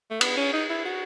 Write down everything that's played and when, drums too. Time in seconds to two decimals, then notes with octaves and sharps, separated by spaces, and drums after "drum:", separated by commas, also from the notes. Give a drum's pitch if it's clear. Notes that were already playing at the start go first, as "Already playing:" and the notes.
0.10 A3
0.21 B3, drum: cymbal
0.37 C#4
0.53 D#4
0.69 E4
0.85 F#4